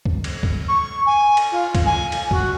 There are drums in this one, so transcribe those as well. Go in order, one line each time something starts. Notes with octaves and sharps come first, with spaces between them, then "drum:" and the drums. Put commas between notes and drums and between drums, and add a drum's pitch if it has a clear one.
drum: kick
drum: cymbal
drum: kick
C#6
G#5
drum: cymbal
F4
drum: kick, cymbal
G#5
drum: cymbal
F#4, drum: kick